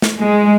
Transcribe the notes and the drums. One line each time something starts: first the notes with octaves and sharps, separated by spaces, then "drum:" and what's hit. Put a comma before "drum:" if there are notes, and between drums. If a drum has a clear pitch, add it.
drum: snare
G#3